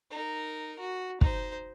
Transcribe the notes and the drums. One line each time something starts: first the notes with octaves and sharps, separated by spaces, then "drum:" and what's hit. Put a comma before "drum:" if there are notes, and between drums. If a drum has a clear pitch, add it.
D#4 A#4
F#4
D#4 C5, drum: kick